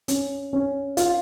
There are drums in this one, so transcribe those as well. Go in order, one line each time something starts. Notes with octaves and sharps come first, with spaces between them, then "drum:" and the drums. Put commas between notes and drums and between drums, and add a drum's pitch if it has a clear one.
C#4, drum: hi-hat
C#4
F4, drum: hi-hat